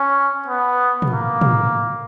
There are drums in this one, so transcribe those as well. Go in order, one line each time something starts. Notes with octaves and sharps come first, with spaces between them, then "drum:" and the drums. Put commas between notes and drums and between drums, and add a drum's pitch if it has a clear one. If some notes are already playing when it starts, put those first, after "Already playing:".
Already playing: C#4
B3
drum: tom
A#3
drum: tom